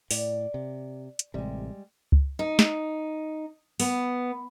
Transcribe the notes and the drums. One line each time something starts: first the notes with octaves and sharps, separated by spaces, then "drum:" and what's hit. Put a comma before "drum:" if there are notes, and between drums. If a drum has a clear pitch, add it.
A2 D5, drum: open hi-hat
C3
drum: hi-hat
A1 C3 G3 G#3
drum: kick C#2
D#4
drum: snare
B3, drum: open hi-hat